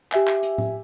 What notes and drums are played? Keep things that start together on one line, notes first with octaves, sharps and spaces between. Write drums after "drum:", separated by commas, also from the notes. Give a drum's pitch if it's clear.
G4 E5 G#5, drum: clap
drum: clap
drum: hi-hat
drum: tom A2